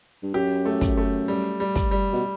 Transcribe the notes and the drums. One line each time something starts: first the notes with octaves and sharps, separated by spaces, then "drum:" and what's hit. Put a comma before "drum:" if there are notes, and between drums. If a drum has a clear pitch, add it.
G2
F#2 G4
A3
drum: kick, hi-hat
A3
G3
G3
drum: kick, hi-hat
G3
B2